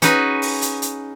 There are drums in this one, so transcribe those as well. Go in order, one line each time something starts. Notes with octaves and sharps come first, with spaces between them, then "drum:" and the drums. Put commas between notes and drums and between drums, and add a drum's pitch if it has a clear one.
C#4 D#4 F#4 G#4 B4, drum: hi-hat
drum: open hi-hat
drum: hi-hat
drum: hi-hat